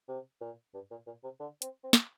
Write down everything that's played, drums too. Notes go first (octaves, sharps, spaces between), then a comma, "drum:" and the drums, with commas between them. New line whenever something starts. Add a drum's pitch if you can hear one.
C3
A#2
G2
A#2
A#2
C3
D3
C4, drum: hi-hat
C4
drum: snare